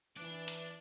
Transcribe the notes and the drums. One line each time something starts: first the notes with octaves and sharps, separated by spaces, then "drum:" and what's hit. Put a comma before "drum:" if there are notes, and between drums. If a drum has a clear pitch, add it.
E3 D4 D5
drum: hi-hat